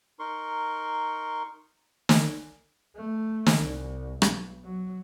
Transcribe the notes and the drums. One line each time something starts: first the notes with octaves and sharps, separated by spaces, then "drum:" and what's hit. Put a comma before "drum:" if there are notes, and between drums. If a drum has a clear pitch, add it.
D#4 A#4 C6 C#6
drum: snare
A3
drum: snare
C2
B1, drum: rim click
F#3